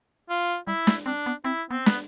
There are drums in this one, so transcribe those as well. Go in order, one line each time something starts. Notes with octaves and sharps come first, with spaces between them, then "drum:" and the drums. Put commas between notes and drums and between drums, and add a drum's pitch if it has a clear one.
F4
G3 E4
A3, drum: snare
C4 D4
B3
C4 E4
B3 C4
B3, drum: snare